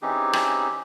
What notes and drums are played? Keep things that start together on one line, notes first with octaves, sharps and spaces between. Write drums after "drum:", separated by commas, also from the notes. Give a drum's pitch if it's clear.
E3 C4 C#4 D#4 G4 G#4
drum: rim click